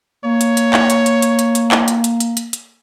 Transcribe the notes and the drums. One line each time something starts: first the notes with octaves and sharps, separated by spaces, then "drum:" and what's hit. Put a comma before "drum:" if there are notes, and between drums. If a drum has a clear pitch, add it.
A#3 C#5
drum: hi-hat
drum: hi-hat
drum: clap
drum: hi-hat
drum: hi-hat
drum: hi-hat
drum: hi-hat
drum: hi-hat
drum: clap
drum: hi-hat
drum: hi-hat
drum: hi-hat
drum: hi-hat
drum: hi-hat